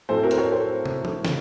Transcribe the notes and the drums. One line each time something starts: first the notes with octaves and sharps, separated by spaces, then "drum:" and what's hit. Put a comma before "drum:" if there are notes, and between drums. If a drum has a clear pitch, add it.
A2 F#3 A3 C4 A4 C5
F#4 A#4
C5, drum: hi-hat
A#4 C#5
A4 C5
drum: tom
drum: tom
C#3, drum: snare